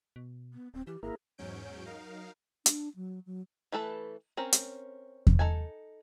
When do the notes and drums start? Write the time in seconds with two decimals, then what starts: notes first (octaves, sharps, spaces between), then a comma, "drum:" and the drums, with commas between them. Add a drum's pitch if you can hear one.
0.16 B2
0.54 B3
0.74 D1 C4
0.87 E3 G4
1.03 G#1 A#3 E4 G#4 A#4
1.38 E2 G#2 F#3 C#4 G6 D7
1.86 F#3 D#4 A#4 F5
2.66 D4, drum: hi-hat
2.96 F#3
3.26 F#3
3.72 E3 A3 A4 B4
4.37 C4 C#4 A#4
4.53 drum: hi-hat
5.27 drum: kick E2
5.39 D#4 E4 A4 G#5